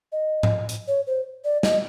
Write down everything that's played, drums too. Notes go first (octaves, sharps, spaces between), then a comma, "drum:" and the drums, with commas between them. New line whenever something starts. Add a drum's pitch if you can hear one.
D#5
drum: tom G#2
drum: hi-hat
C#5
C5
D5
D#5, drum: snare